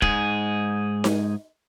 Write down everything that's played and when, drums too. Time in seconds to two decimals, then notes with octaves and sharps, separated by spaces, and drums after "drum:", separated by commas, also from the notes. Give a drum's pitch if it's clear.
0.02 G#2 G#4, drum: kick
1.04 drum: snare D#4